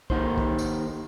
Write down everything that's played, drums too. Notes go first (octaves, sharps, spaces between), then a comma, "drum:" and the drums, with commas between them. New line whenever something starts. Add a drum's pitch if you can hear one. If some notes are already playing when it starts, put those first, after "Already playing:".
D#3 A#3 D#4 C5, drum: kick
drum: kick
drum: tambourine